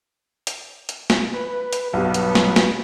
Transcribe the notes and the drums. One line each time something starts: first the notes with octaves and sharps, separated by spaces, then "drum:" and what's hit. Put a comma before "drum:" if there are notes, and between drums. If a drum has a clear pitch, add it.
drum: hi-hat
drum: hi-hat
drum: snare
B4
drum: hi-hat
B1 G2 B2 F#3 B3
drum: hi-hat
drum: snare
drum: snare